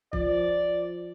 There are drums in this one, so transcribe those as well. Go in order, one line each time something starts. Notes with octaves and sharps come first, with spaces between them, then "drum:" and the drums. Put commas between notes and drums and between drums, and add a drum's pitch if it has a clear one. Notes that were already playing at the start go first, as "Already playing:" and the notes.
F3 D5, drum: kick